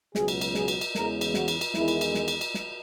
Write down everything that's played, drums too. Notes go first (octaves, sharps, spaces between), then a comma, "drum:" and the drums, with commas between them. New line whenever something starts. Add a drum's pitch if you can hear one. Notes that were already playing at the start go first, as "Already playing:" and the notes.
C#2 B2 F#3 G#4, drum: snare
drum: cymbal
drum: cymbal
G#4, drum: snare
drum: cymbal
drum: cymbal
E2 C#3 E3 G#3 A#4, drum: snare
drum: cymbal
F#4, drum: snare
drum: cymbal
drum: cymbal
E2 D#3 G#3 E4, drum: snare
drum: cymbal
drum: cymbal
drum: snare
drum: cymbal
drum: cymbal
drum: snare